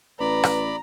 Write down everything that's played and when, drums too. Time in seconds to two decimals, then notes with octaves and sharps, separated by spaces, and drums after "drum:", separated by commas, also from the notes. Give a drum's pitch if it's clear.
0.20 A1 B4 D5 A#5 B5
0.44 drum: rim click